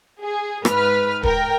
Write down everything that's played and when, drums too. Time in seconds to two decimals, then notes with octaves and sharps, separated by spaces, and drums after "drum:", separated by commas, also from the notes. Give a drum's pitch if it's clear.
0.22 G#4
0.65 G#2 B4 F6, drum: rim click
1.23 A#4 G5, drum: kick